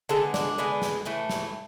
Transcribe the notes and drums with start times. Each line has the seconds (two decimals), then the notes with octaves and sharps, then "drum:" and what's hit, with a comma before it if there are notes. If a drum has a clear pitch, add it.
0.09 D3 G#3 B3 A4
0.34 D4, drum: snare
0.58 D3 G#3 B3
0.82 drum: snare
1.05 A2 E3 A3
1.30 drum: snare